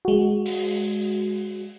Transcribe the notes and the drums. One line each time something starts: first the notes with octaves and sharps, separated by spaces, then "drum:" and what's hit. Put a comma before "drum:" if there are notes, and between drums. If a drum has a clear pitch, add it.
G#3 F#4
drum: open hi-hat